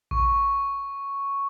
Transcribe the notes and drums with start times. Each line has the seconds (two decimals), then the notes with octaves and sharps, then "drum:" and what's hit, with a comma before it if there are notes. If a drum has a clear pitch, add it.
0.11 C#6, drum: kick A#1